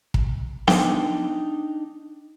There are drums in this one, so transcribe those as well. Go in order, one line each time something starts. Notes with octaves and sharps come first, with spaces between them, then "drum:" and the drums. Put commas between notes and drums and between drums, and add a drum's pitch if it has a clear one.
drum: kick
D4 D#4 G5, drum: snare B3